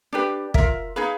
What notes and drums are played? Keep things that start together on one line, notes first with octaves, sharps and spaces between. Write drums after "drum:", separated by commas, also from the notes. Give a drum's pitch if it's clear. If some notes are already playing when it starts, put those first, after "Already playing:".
D4 G4 B4 D5
F4 A#4 E5, drum: kick
D#4 G#4 B4 F5